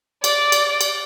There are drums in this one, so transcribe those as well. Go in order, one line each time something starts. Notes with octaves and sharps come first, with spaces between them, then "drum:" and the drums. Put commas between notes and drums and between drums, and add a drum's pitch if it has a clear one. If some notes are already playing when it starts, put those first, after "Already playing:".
D5, drum: cymbal
drum: cymbal
drum: cymbal